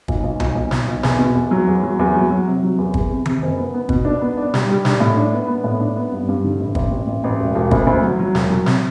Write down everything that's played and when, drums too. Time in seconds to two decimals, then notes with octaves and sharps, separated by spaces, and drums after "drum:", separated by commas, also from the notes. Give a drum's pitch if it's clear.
0.08 B1, drum: kick
0.23 B1
0.40 B1, drum: tom C2
0.55 B1
0.71 B1, drum: snare
0.88 B1
1.03 E2, drum: snare
1.19 B2
1.35 E2
1.51 F#3
1.67 E2
1.83 F#3
1.99 E2
2.15 F#3
2.30 F#3
2.47 C3
2.63 F#3
2.78 E2
2.94 E2, drum: kick
3.10 C3
3.26 C3, drum: tom D#3
3.42 F#1
3.57 B3
3.74 B3
3.89 B2, drum: kick
4.05 D4
4.21 B3
4.37 D4
4.54 G3, drum: snare
4.70 G3
4.85 D4, drum: snare
5.00 A2
5.17 D4
5.33 B3
5.48 B3
5.64 A2
5.80 D4
5.97 B3
6.12 G2
6.28 G2
6.44 D3
6.60 A1
6.75 A1, drum: kick
6.91 A1
7.07 A1
7.24 A1
7.40 E1
7.55 E1
7.71 D2, drum: kick
7.87 D2
8.02 F#3
8.19 F#3
8.35 E1, drum: snare
8.50 F#3
8.66 C3, drum: snare